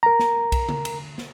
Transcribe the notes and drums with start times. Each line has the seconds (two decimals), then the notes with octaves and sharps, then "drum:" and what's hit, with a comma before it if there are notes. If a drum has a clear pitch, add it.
0.03 A#4 A#5
0.19 drum: snare
0.52 drum: kick B1, cymbal
0.69 drum: tom C#3
0.85 drum: cymbal
1.18 drum: snare